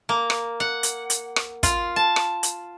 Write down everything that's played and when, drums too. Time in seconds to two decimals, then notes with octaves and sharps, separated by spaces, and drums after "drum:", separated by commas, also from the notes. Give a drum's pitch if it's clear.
0.09 A#3
0.30 drum: rim click
0.60 F#5
0.83 drum: hi-hat
1.10 drum: hi-hat
1.36 drum: rim click
1.63 F4, drum: kick, hi-hat
1.96 A5
2.16 drum: rim click
2.43 drum: hi-hat